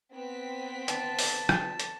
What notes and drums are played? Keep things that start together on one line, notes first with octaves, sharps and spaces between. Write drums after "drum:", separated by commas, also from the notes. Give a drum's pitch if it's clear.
B3 C4 B6
A5, drum: hi-hat
drum: open hi-hat
drum: rim click
drum: hi-hat